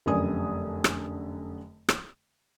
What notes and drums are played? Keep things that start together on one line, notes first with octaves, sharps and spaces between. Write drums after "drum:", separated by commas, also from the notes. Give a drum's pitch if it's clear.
F1 F#2 D3 G#5 D#6
drum: rim click
drum: rim click